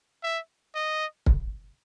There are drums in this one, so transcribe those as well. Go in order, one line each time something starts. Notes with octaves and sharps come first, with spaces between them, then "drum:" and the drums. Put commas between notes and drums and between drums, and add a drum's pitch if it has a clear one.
E5
D#5
drum: kick